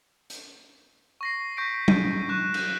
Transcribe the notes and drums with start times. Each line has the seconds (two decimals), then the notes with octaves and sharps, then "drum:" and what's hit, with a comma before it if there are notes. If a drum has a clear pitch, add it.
0.30 drum: hi-hat
1.21 C#6 A#6 C7
1.57 C#6 G6 A#6 B6 D7
1.88 D7 D#7, drum: tom F#3
2.29 C#6 F#6 E7
2.54 drum: cymbal